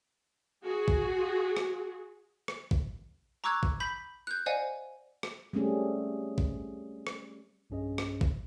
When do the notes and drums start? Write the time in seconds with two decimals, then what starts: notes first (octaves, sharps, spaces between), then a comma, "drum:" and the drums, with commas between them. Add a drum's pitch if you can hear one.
0.65 F#4 G#4
0.88 drum: kick A1
1.57 drum: rim click
2.48 drum: rim click
2.71 drum: kick A1
3.44 A#5 C#6 D6 E6 F#6 G#6
3.63 drum: kick A1
3.80 B5 G6 B6
4.27 F#6 G6
4.46 C5 D5 D#5 F5 F#5 G#5
5.23 drum: rim click
5.53 G3 A3 C4 C#4 G#4
6.38 drum: kick A1
7.07 drum: rim click
7.70 B1 G2 C#4 G#4 D#5
7.98 drum: rim click
8.21 drum: kick A1